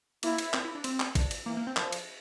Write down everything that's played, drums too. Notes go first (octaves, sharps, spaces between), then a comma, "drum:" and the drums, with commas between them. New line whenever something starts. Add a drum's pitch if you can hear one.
A#3 E4, drum: cymbal
drum: cymbal
C4, drum: clap
E4
D4
C4, drum: cymbal
drum: clap
D4, drum: kick, cymbal
drum: cymbal
E3 A#3
A#3
C4
D3 F3, drum: clap
drum: cymbal